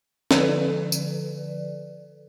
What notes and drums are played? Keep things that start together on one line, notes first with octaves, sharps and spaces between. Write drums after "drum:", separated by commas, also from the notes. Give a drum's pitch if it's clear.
D3 F3 A4 B4 D5, drum: snare
drum: tambourine